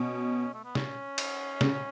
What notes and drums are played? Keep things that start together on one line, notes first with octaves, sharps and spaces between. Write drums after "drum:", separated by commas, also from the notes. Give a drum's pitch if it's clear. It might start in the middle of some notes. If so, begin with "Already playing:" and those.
Already playing: B2 C#4
A3
B3
C#4, drum: snare
drum: cymbal
C#3, drum: snare